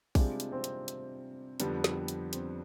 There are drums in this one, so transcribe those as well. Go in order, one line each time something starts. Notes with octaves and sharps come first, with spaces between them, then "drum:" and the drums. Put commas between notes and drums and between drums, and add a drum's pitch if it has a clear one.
C3 G3 G#3 D4 F4, drum: kick A#1, open hi-hat
drum: hi-hat
C4
drum: hi-hat
drum: hi-hat
F2 D3 G3 B3, drum: hi-hat
drum: snare
drum: hi-hat
C4, drum: hi-hat